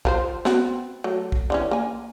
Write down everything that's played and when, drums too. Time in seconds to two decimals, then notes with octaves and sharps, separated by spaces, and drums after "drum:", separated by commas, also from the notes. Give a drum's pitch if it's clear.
0.05 F3 A#4 C5, drum: kick
0.45 B3 C4 F#4, drum: snare
1.04 F#3 A3
1.32 drum: kick
1.50 D3 E3 C#4
1.71 A#3 G#5